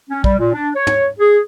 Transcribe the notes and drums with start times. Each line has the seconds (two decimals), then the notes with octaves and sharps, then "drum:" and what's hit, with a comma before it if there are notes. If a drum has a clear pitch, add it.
0.10 C#4
0.24 G3, drum: kick
0.38 A#2
0.53 D4
0.75 C#5
0.87 drum: tom
1.19 G#4